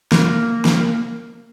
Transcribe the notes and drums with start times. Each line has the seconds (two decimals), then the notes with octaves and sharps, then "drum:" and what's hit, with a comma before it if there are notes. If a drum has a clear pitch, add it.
0.12 A#3, drum: snare
0.65 drum: snare